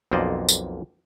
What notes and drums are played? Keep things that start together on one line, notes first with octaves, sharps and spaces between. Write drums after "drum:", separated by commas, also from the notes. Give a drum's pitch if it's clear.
B1 F2 A#3 C5 D5 D#5
drum: tambourine